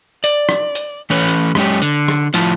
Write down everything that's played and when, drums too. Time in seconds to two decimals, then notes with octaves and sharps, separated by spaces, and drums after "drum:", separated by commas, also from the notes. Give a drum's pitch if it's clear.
0.24 D5, drum: hi-hat
0.49 drum: rim click
0.75 drum: hi-hat
1.10 E3 A3 C#4 B4 C#5
1.29 drum: hi-hat
1.55 F#2 G#3 C#4 G4, drum: rim click
1.82 D3, drum: hi-hat
2.08 drum: rim click
2.34 A2 F3 E4 F4 A5, drum: hi-hat